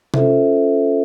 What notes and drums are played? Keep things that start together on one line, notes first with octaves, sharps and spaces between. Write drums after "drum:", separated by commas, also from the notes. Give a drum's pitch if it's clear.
C#4 F4 A4 C5 E5, drum: tom C3